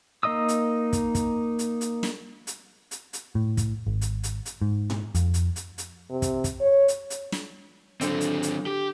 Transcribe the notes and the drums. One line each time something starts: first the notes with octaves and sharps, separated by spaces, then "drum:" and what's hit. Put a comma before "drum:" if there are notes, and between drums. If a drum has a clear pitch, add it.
A#3 D#4 D#5 D#6 E6
drum: hi-hat
drum: kick, hi-hat
drum: kick, hi-hat
drum: hi-hat
drum: hi-hat
drum: snare
drum: hi-hat
drum: hi-hat
drum: hi-hat
A2
drum: kick, hi-hat
G#1
drum: hi-hat
drum: hi-hat
drum: hi-hat
G#2
drum: tom A2
F2, drum: hi-hat
drum: hi-hat
drum: hi-hat
drum: hi-hat
C3
drum: kick, hi-hat
drum: kick, hi-hat
C#5
drum: hi-hat
drum: hi-hat
drum: snare
D3 F#3 C4, drum: hi-hat
drum: hi-hat
drum: hi-hat
G4